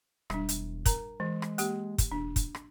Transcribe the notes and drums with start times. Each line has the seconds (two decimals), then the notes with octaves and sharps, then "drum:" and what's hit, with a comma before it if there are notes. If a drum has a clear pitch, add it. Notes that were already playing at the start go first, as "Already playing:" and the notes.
0.30 E1 G3 D4, drum: rim click
0.49 drum: hi-hat
0.86 A#4 A#5, drum: kick, hi-hat
1.20 E3 G#3
1.42 drum: rim click
1.58 A#3 G4, drum: hi-hat
1.98 drum: kick, hi-hat
2.12 E1 D4
2.36 drum: kick, hi-hat
2.55 drum: rim click